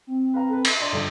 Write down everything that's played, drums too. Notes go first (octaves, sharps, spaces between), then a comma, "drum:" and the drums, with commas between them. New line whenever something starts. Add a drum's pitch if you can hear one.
C4
B4 F5 A#5
A4 B4
E5, drum: cymbal
D4 D5 C6
G2 D3 F3